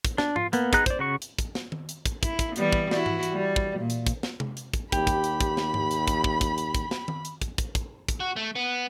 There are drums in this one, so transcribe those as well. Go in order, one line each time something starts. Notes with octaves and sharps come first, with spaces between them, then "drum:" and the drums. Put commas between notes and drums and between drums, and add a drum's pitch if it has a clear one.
drum: kick, hi-hat
D4, drum: snare
F4, drum: tom G#2
A#3 B3, drum: hi-hat
B3 D#4 G#4 A#5 F#6, drum: kick, hi-hat
C5 D5, drum: kick, hi-hat
C#3 F#4 C#6
drum: hi-hat
drum: kick, hi-hat
drum: snare
drum: tom D#3
drum: hi-hat
drum: kick, hi-hat
E4, drum: kick, hi-hat
drum: kick, hi-hat
E3 G3 B3, drum: hi-hat
drum: kick
E4 F#4, drum: snare
drum: tom G#2
drum: hi-hat
G3
drum: kick
A#2
drum: hi-hat
drum: kick, hi-hat
drum: snare
drum: tom C3
drum: hi-hat
drum: kick, hi-hat
D#2 G4 B5, drum: kick, hi-hat
drum: kick, hi-hat
drum: hi-hat
drum: kick, hi-hat
drum: snare
drum: tom G#2
drum: hi-hat
drum: kick, hi-hat
drum: kick
drum: kick, hi-hat
drum: hi-hat
drum: kick, hi-hat
drum: snare
drum: tom D#3
drum: hi-hat
drum: kick, hi-hat
drum: kick, hi-hat
drum: kick, hi-hat
drum: kick, hi-hat
F#4
A3
B3